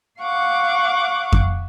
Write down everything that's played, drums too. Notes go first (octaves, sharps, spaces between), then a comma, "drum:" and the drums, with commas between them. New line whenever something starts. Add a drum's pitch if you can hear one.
F5 F#5 C#6 D6
drum: kick F2